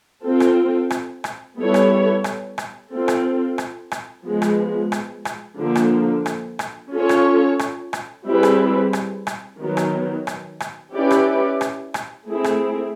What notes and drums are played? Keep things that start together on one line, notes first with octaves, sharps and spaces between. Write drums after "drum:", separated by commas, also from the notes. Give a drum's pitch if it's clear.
C4 F4 A4
drum: rim click
drum: rim click
drum: rim click
G3 B3 E4 A4 C#5
drum: rim click
drum: rim click
drum: rim click
C4 F4 A4
drum: rim click
drum: rim click
drum: rim click
F3 G#3 B3
drum: rim click
drum: rim click
drum: rim click
D3 F3 A#3
drum: rim click
drum: rim click
drum: rim click
C#4 F4 A4 C#5
drum: rim click
drum: rim click
drum: rim click
G3 C4 E4 G#4 B4
drum: rim click
drum: rim click
drum: rim click
D#3 F#3 B3
drum: rim click
drum: rim click
drum: rim click
C#4 E4 G4 B4 D5
drum: rim click
drum: rim click
drum: rim click
A3 C4 E4 G#4
drum: rim click